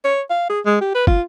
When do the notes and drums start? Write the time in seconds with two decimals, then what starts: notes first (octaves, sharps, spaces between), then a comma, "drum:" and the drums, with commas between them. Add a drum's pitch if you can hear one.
0.04 C#5
0.30 F5
0.49 G#4
0.65 G#3
0.81 G4
0.94 B4
1.07 F4, drum: kick